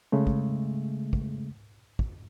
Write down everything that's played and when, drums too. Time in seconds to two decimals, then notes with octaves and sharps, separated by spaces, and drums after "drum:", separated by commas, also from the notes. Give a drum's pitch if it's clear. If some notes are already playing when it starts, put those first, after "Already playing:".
0.12 C#3 G#3 A3
0.27 drum: kick
1.13 drum: kick
1.99 drum: kick